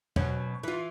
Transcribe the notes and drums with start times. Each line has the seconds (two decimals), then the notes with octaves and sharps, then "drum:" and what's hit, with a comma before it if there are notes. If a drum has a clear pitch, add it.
0.16 B2 F#3 C#4, drum: tom
0.63 E3 F4